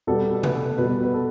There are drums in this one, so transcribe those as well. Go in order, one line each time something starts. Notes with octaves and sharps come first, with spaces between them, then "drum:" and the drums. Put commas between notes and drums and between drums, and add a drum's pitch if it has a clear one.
B2 G3 B3 A4
B4, drum: tom C3
B2 G3 B3 B4
B4
A4